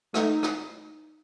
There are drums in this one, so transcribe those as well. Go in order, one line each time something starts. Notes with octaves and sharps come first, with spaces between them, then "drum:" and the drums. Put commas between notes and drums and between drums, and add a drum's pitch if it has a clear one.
A3 D#4, drum: rim click
drum: rim click